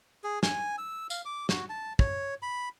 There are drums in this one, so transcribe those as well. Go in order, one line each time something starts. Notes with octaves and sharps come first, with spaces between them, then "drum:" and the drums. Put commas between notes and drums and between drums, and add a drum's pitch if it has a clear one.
G#4
G#5, drum: snare
E6
F5, drum: tambourine
D6
F#4, drum: snare
A5
C#5, drum: kick
B5